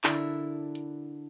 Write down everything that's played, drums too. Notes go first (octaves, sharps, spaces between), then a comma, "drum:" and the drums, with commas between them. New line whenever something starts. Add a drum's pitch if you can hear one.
D3 D4 E4 A#4, drum: clap
drum: hi-hat